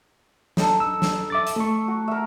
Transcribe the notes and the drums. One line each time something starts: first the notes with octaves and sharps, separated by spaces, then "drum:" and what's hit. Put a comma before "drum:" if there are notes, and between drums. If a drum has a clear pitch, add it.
D#4 A4, drum: snare
E6
drum: snare
E5 D6 A6
drum: hi-hat
A3 C#6
F#4
A#4 E5